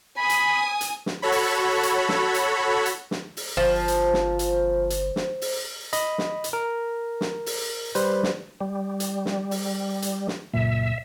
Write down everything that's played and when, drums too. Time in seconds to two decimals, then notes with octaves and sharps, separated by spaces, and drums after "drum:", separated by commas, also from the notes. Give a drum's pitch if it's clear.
0.17 G#5 B5 D#6
0.29 drum: hi-hat
0.81 drum: hi-hat
1.06 drum: snare
1.22 F#4 A4 C#5 B5
1.32 drum: open hi-hat
1.83 drum: hi-hat
2.09 drum: snare
2.34 drum: hi-hat
2.86 drum: hi-hat
3.11 drum: snare
3.37 drum: open hi-hat
3.57 G1 F3 C5
3.88 drum: hi-hat
4.14 drum: snare
4.39 drum: hi-hat
4.90 drum: hi-hat
5.16 drum: snare
5.42 drum: open hi-hat
5.93 D#5 B5, drum: hi-hat
6.18 drum: snare
6.44 drum: hi-hat
6.53 A#4
7.21 drum: snare
7.46 drum: open hi-hat
7.95 G3 B4 C5, drum: hi-hat
8.23 drum: snare
8.61 G3
9.00 drum: hi-hat
9.26 drum: snare
9.51 drum: open hi-hat
10.02 drum: hi-hat
10.28 drum: snare
10.54 C#2 F#2 A#2 E5